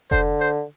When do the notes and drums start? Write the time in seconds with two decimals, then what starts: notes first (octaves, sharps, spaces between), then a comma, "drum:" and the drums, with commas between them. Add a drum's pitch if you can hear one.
0.11 D3 C5, drum: kick F1
0.40 C5